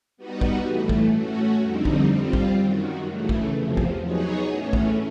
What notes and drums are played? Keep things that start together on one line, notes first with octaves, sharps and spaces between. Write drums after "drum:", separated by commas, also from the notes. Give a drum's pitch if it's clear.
G3 B3 D#4 F#4 B4
drum: kick G#1
A2 E3 A3
drum: kick G#1
A3 C#4 F#4
F2 D3 G3 C4 D#4
drum: kick G#1
G3 C4 F4
drum: kick G#1
F#2 D#3 F#3
C#3 E3 A3
drum: kick G#1
E2 C3 F3
drum: kick G#1
F#3 B3 D#4 G#4 C#5
A2 E3 A3 C#4
drum: kick G#1